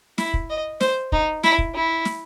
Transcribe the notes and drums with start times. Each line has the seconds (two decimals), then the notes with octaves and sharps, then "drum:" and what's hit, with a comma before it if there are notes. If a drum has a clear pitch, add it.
0.18 E4, drum: snare
0.34 drum: kick
0.50 D#5
0.80 C5, drum: snare
1.12 D#4, drum: kick
1.43 E4, drum: snare
1.58 drum: kick
1.75 E4
2.05 drum: snare